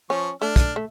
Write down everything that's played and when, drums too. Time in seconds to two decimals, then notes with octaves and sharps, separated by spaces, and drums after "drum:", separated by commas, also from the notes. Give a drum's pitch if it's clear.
0.10 F3 C#4 C#6
0.42 A3 D4 F6
0.56 drum: kick, hi-hat
0.76 A3